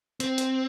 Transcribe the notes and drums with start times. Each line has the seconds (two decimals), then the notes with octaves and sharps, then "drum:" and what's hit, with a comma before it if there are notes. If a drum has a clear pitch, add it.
0.20 C4, drum: hi-hat
0.38 drum: hi-hat